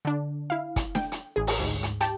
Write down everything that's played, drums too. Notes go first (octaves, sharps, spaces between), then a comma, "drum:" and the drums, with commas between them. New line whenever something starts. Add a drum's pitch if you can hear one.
D3 D4
E4 F5
drum: kick, hi-hat
G5, drum: snare D4
drum: hi-hat
A1 G#4
drum: open hi-hat
D2 G#2
drum: hi-hat
G4 G5 A5, drum: hi-hat